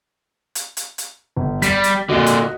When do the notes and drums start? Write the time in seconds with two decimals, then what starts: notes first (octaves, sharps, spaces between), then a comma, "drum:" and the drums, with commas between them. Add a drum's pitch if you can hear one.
0.55 drum: hi-hat
0.77 drum: hi-hat
0.98 drum: hi-hat
1.37 G1
1.62 G3 B6, drum: hi-hat
1.84 drum: hi-hat
2.09 A#2 D3 F#4 D#5
2.26 drum: hi-hat